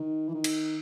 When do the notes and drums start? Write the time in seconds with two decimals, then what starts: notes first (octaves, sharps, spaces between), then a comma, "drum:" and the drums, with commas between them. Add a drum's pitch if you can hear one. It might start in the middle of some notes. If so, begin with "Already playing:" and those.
Already playing: D#3
0.28 E3
0.34 D#3
0.44 drum: cymbal